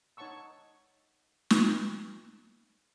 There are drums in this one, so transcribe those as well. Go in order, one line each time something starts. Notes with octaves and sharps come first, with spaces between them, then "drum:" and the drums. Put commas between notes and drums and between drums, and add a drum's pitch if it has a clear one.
D#4 C#5 F#5 A5 C#6 E6
drum: snare